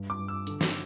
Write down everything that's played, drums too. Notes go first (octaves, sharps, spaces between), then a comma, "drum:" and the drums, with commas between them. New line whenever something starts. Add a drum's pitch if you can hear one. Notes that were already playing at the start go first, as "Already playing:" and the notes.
Already playing: G2
D6
G2
E6
D3, drum: hi-hat
drum: snare